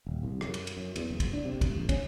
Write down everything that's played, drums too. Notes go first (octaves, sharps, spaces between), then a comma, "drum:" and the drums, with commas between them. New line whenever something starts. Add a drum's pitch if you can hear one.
D#1
C2
F#2, drum: rim click
drum: cymbal
drum: cymbal
F#2
E2, drum: cymbal
F#1
drum: kick, cymbal
D4
C3
E1, drum: kick, cymbal
A#1
C#4, drum: kick, cymbal